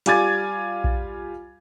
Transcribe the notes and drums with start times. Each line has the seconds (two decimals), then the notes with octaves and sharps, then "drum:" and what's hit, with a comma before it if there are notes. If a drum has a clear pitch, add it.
0.06 G3 F4 G#5 D6 G#6 A6, drum: hi-hat
0.84 drum: kick A#1